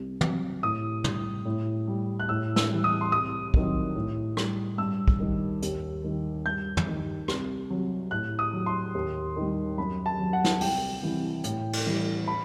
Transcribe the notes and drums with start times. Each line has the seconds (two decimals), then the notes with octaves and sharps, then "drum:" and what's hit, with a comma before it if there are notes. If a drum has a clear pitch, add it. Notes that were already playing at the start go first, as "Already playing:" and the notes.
Already playing: C2
0.21 C3 F#3, drum: tom
0.62 A2 D#6
1.04 G3, drum: tom
1.45 A2
1.87 G3
2.20 F#6
2.29 A2 E6
2.56 E6, drum: snare
2.71 E3 G3
2.84 D#6
3.01 C6
3.12 C2 D#6
3.54 C3 D#3 F#3, drum: kick
3.95 A2
4.37 G3, drum: rim click
4.78 G2 E6
5.08 drum: kick
5.20 D#3 G3
5.62 D#2, drum: hi-hat
6.04 D#3 G3
6.45 G2 G6
6.77 drum: tom
6.86 D#3 G3
7.28 C2, drum: rim click
7.70 C3 F#3
8.11 A2 F#6
8.39 D#6
8.53 F#3
8.66 C6
8.95 D#2
9.36 D#3 G3
9.78 F#2 B5
10.06 A5
10.19 F#3
10.33 F#5
10.44 drum: snare
10.61 C2 G5, drum: open hi-hat
11.03 C3 E3 G3
11.44 A2, drum: hi-hat
11.73 drum: cymbal
11.86 E3 G3
12.28 B5